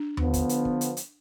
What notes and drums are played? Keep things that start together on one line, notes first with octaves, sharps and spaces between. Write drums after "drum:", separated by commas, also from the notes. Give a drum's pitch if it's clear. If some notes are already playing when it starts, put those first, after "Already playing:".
Already playing: D4
D3 F3 B3, drum: tom D#2
drum: kick, hi-hat
drum: hi-hat
drum: kick
drum: hi-hat
drum: hi-hat